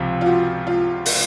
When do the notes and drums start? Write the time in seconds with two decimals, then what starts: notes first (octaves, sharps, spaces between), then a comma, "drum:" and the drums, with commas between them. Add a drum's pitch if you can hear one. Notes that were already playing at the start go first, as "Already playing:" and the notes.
Already playing: C#2 C3 F3
0.21 F4
0.26 F#4
0.67 F4
1.06 drum: open hi-hat